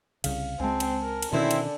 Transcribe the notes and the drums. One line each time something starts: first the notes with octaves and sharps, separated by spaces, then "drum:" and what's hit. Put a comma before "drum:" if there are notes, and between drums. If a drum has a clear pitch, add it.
C2 C#3 F5, drum: cymbal
C#2 G#3 C4 G#5 A5
drum: cymbal
A#4
drum: cymbal
B2 D3 D#3 C4 C#4 E4
drum: cymbal